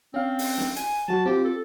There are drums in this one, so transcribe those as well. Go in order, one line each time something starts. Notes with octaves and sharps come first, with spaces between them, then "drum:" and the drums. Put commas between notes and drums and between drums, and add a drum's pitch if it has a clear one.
C4 C#4 F5
drum: open hi-hat
drum: snare
G#5, drum: hi-hat
F#3 F#4 A5
C4 F4 G4
A4